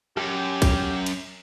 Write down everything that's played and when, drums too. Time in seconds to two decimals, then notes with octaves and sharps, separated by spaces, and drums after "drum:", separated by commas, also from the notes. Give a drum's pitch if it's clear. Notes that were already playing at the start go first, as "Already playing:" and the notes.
0.17 F#2 G4, drum: rim click
0.62 drum: kick, cymbal
1.06 drum: cymbal